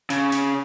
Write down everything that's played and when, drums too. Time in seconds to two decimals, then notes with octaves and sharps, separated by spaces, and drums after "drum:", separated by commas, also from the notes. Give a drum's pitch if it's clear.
0.10 C#3, drum: hi-hat
0.32 drum: hi-hat